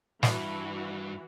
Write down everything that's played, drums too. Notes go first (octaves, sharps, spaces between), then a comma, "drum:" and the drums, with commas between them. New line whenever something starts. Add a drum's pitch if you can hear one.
G2 E3 F#4, drum: snare